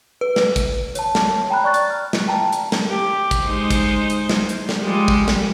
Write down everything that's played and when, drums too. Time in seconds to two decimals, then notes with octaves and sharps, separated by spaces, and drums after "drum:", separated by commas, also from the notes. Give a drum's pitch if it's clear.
0.21 B4
0.36 drum: snare
0.56 drum: kick, hi-hat
0.95 C#5 A5, drum: hi-hat
1.15 drum: snare
1.50 G5 A#5 B5 F#6
1.64 D5 C#6 F#6 A6
1.74 drum: hi-hat
1.90 F6
2.13 drum: snare
2.28 G5 A5 A#5
2.53 drum: hi-hat
2.72 drum: snare
2.88 G4
3.31 drum: kick, hi-hat
3.45 G#3 D#4 C5
3.70 drum: kick, hi-hat
4.10 drum: hi-hat
4.29 drum: snare
4.49 drum: hi-hat
4.69 drum: snare
4.81 F3 G3 G#3
5.08 drum: kick
5.28 drum: snare